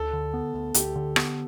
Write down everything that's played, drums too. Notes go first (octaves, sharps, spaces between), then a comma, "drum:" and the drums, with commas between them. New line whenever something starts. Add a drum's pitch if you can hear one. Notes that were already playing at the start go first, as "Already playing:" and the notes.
Already playing: D2 A4
D3
B3
D2
D2 G4, drum: hi-hat
D3
B3, drum: rim click